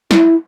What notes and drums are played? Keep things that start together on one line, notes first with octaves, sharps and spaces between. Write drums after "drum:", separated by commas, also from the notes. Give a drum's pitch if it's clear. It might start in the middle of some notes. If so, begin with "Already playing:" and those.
E4, drum: snare